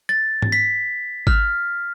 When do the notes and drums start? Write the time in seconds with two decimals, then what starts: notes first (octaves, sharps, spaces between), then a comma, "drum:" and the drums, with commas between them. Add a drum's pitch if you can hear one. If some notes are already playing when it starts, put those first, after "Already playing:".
0.09 A6
0.42 drum: tom G#2
0.52 B6
1.27 F6, drum: kick G#1